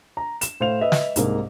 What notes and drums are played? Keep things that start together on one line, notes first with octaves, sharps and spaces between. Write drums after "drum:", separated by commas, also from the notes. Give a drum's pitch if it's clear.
A#5
E7, drum: hi-hat
A2 C5 F5 F7
B4 D#5 E5
drum: snare
C2 G#2 A#3, drum: hi-hat